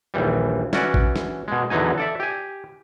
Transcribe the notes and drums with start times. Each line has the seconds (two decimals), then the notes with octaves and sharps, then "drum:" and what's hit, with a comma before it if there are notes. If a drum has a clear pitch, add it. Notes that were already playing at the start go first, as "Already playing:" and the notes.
0.14 A#1 D#2 E3 G3
0.73 E3 C#4 F#4 D5, drum: snare
0.94 drum: kick A1
1.16 drum: snare
1.48 B2 G#3
1.70 E2 D3 E3 F#3 D#4 G#5
1.98 A4 D5 E5
2.20 G4 G#5